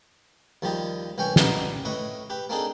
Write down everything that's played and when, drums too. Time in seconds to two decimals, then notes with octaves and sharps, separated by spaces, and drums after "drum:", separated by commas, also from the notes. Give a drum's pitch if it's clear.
0.62 D#2 F3 G3 G4 D#5
1.18 C2 E3 C#4 G5 G#5 C#6
1.36 G3 B3 D#4 F4, drum: snare
1.85 A2 B4 D#5 C#6
2.30 G4 B4
2.49 A#3 C4 D4 D#4 G#4 A4